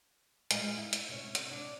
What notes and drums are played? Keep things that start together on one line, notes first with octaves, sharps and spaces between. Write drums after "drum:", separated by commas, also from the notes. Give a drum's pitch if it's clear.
G#3 F4 D#5, drum: hi-hat
E4
drum: hi-hat
C3 C#4
drum: hi-hat
D4